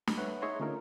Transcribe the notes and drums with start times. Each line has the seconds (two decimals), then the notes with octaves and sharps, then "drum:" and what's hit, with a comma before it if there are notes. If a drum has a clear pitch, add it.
0.07 drum: snare
0.17 B4 C#5 E5 F#5
0.42 D#4 G#4 C#5 E5 A#5 C6
0.60 D3 A3 C#4 D#4 F4 A#4